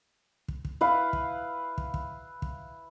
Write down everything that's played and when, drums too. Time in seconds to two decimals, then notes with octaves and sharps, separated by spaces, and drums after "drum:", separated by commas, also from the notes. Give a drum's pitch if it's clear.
0.48 drum: kick
0.65 drum: kick
0.81 E4 B4 F5
1.13 drum: kick
1.78 drum: kick
1.94 drum: kick
2.42 drum: kick